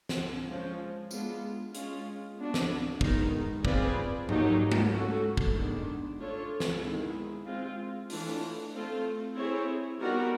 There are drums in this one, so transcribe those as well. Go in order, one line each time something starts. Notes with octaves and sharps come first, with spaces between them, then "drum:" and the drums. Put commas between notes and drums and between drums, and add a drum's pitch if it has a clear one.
drum: snare
F3 G#3 C#4
G#3 B3 D4 F4, drum: tambourine
G#3 C#4 F4, drum: hi-hat
B3 D4 F#4
drum: snare
D#3 G#3 B3 D#4, drum: kick
C4 F4 G#4 B4 D5, drum: kick
F#3 A#3 D#4 G4, drum: tom G#2
drum: tom G#3
A3 C#4 F#4 A4
drum: kick
D#3 G#3 B3 D4
A3 D4 F4 A4 C#5
drum: snare
D#3 G#3 B3 E4 G#4
G#3 C4 F4
E3 A3 D4 F4, drum: open hi-hat
A3 C4 F4 A4
C4 E4 G#4 C#5
G3 B3 D#4 F#4 A#4